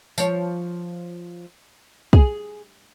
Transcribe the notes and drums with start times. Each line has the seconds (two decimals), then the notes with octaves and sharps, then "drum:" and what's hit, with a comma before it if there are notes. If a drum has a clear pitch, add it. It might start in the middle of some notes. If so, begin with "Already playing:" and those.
0.18 F3 C#5, drum: tambourine
2.13 G#4, drum: kick